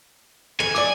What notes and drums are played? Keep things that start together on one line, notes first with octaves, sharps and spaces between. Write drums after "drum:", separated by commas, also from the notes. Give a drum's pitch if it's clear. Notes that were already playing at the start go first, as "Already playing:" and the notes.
G#5, drum: tom
D5 D6, drum: rim click